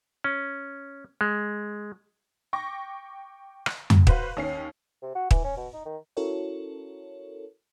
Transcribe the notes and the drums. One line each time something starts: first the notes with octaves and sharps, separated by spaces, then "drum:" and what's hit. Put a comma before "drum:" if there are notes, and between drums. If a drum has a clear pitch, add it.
C#4
G#3
G5 C#6 D6 A#6
drum: rim click
drum: tom F2
F#4 B4 C5 F5, drum: kick
D#2 C#4 C7
C3
F#4
E3, drum: kick
C#4
B2
D#4
D#3
C#4 E4 F#4 A4 A#4 C#5